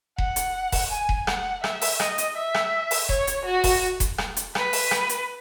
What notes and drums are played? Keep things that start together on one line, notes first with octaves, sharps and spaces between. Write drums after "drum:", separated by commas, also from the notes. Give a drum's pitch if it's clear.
F#5, drum: kick E1
drum: hi-hat
drum: kick E1, open hi-hat
G#5
drum: kick E1
F#5, drum: rim click
E5, drum: rim click
drum: open hi-hat
D#5, drum: rim click
drum: hi-hat
E5
drum: rim click
drum: open hi-hat
C#5, drum: kick E1
drum: hi-hat
F#4
drum: kick E1, open hi-hat
drum: kick E1, hi-hat
drum: rim click
drum: hi-hat
B4, drum: rim click
drum: open hi-hat
drum: rim click
drum: hi-hat